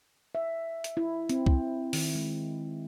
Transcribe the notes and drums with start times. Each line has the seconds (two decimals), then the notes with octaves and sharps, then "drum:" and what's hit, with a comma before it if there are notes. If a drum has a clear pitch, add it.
0.35 E5
0.84 drum: hi-hat
0.97 E4
1.29 C4, drum: hi-hat
1.46 drum: kick C2
1.93 D#3, drum: open hi-hat
2.15 G#3